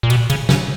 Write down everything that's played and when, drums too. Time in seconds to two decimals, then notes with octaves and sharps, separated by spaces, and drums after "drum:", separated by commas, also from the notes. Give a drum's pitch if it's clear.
0.03 A#2
0.10 B2, drum: cymbal
0.30 C#3, drum: cymbal
0.49 C#3, drum: snare